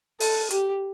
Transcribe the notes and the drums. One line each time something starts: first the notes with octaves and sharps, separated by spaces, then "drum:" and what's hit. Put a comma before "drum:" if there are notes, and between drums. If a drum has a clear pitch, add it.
A4, drum: open hi-hat
G4, drum: hi-hat